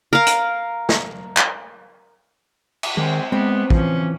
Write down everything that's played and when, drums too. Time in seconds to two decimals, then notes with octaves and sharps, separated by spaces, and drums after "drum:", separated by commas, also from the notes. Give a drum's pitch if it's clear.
0.13 A#4 F5
0.27 drum: hi-hat
0.89 drum: snare
1.37 drum: clap
2.83 drum: cymbal
2.97 D#3 G#3 C4 G#5
3.32 G#3 B3 C4 B4
3.70 E3 F3 C#4, drum: kick